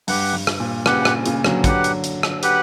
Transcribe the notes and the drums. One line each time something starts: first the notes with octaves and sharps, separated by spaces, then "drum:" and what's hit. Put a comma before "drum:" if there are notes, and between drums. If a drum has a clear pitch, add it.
G2 G4 B4 F#5, drum: open hi-hat
G2
drum: rim click
A#2
A#2 C#3 G4 B4 F#5, drum: rim click
A#2, drum: rim click
A#2 C#3, drum: hi-hat
D3 F#3, drum: rim click
D3 F#3 G4 B4 F#5, drum: kick, hi-hat
drum: hi-hat
drum: hi-hat
drum: rim click
G4 B4 F#5, drum: hi-hat